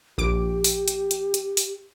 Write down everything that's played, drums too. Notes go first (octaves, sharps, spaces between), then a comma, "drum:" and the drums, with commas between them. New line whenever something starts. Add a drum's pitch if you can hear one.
A#1 G4 D6 D7
drum: open hi-hat
drum: hi-hat
drum: hi-hat
drum: hi-hat
drum: open hi-hat